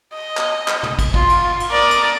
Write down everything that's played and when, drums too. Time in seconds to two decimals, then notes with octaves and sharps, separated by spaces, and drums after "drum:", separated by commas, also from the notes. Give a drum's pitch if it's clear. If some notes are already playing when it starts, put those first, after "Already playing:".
0.14 D#5
0.37 drum: clap
0.68 drum: clap
0.83 drum: tom
0.99 drum: kick, cymbal
1.14 F4, drum: kick
1.29 drum: cymbal
1.60 drum: cymbal
1.71 A#4 D5 D#6
1.91 drum: cymbal